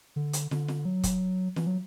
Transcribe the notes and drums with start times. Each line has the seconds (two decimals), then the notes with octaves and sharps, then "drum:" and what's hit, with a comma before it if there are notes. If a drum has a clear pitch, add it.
0.16 D3
0.33 drum: hi-hat
0.51 D3, drum: snare
0.68 drum: snare
0.85 F#3
1.03 drum: kick, hi-hat
1.56 E3, drum: snare
1.67 F#3